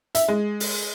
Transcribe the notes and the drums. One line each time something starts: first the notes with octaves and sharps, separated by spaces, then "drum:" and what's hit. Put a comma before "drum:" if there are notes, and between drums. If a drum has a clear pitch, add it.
E5, drum: hi-hat
G#3
drum: open hi-hat